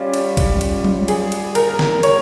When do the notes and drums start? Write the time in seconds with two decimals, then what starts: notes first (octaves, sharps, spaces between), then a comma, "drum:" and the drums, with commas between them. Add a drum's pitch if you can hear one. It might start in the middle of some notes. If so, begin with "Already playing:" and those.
Already playing: G3 C#4 F4
0.14 drum: cymbal
0.37 drum: kick, cymbal
0.61 drum: cymbal
0.85 drum: tom F#3
1.08 G#4, drum: cymbal
1.32 drum: cymbal
1.55 A#4, drum: cymbal
1.79 drum: snare
2.03 C#5, drum: cymbal